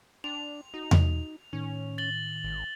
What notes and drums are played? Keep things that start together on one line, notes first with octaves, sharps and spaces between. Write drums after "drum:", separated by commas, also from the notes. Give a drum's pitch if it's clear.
D4 G5 C6 F7
D#4 F#4
drum: tom E2
A2 D#3 C#4
A6 F#7 G7
G#1